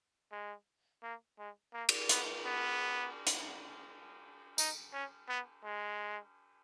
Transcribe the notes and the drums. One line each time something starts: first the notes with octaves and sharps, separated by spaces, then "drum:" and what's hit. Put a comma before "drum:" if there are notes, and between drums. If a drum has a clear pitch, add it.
G#3
A#3
G#3
A#3
drum: cymbal
B3, drum: hi-hat
B3
drum: hi-hat
D#4, drum: tambourine
C#4
B3
G#3